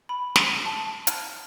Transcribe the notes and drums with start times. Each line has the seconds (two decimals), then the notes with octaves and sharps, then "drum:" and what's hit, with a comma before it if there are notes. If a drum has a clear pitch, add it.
0.09 B5
0.36 drum: snare
0.66 A5
1.07 F6, drum: hi-hat